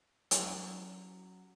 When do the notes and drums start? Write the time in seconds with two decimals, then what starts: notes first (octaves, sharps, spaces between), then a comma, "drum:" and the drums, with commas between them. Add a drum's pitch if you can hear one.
0.31 F#3 C#4 F#4, drum: hi-hat